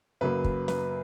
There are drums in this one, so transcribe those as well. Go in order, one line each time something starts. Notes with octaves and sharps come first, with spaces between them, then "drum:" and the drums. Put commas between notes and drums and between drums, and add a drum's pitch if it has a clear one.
F#2 C#3 F#3 A#3 B4
drum: kick
B4, drum: snare